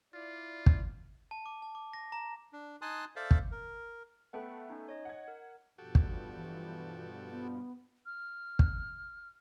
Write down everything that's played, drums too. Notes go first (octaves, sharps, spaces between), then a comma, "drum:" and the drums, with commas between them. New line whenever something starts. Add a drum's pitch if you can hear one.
E4 F4 D5
drum: kick
A5
D6
A5
D6
A#6
A#5
D4
D#4 G#5 A5 C6 D#6 F#6
A4 C5 D5 E5 F5
drum: kick
A#4
A3 B3 A4 F#5 G5 B5
C#4 D#4
C#5 D#5
F#5 G#6
A#4
G2 B2 F3 F#4 G4 A4
drum: kick
E3
B3
F6
drum: kick